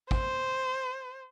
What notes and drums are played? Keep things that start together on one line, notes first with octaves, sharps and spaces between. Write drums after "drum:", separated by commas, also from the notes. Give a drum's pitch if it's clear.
C5, drum: kick